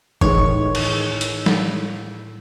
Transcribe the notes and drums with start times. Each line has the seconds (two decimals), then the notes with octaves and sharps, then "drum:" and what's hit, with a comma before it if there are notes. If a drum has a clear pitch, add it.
0.21 A2 D#3 E3 G#3 C#5, drum: kick F#1
0.75 drum: cymbal
1.21 drum: hi-hat
1.46 drum: snare